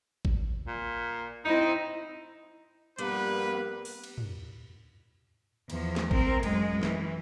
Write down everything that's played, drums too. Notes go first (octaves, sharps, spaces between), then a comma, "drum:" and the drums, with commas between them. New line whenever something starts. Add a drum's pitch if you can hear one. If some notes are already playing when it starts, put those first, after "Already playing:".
drum: kick A1
A#2
C4 D#4 E4 D#5
G2 F3 G3 A#3 B3 A#4 B4, drum: hi-hat
drum: open hi-hat
drum: cymbal
drum: tom
E2 F3, drum: cymbal
drum: snare
C4 A#4, drum: kick A1
F#2 G#3, drum: cymbal
E3, drum: snare